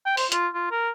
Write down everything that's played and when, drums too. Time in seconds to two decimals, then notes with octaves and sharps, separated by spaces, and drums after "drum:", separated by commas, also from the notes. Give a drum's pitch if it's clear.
0.06 G5
0.17 C5, drum: open hi-hat
0.32 F4, drum: hi-hat
0.54 F4
0.72 A#4